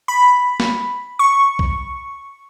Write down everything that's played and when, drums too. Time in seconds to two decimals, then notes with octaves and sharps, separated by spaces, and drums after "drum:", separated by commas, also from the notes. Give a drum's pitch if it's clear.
0.08 B5
0.60 drum: snare
1.19 C#6
1.59 drum: kick B1